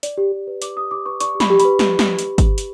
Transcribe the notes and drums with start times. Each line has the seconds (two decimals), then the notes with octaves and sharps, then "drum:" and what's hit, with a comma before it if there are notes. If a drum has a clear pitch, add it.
0.03 D5, drum: hi-hat
0.18 G4
0.32 G4
0.47 B4
0.62 D5 D6, drum: hi-hat
0.76 G4 D#6
0.91 G4 D6
1.06 B4 C#6
1.20 D5 C#6, drum: hi-hat
1.35 G4
1.40 B5, drum: snare
1.50 G4
1.60 B5, drum: hi-hat
1.65 B4
1.79 drum: snare
1.99 drum: snare
2.19 drum: hi-hat
2.38 drum: kick, hi-hat
2.58 drum: hi-hat